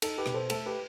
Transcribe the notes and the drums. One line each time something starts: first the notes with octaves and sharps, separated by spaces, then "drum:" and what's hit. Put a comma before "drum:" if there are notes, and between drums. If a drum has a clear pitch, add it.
D#4 A4, drum: cymbal
G4 B4
B2, drum: rim click
A4 C5
A3 A4, drum: cymbal
G4 B4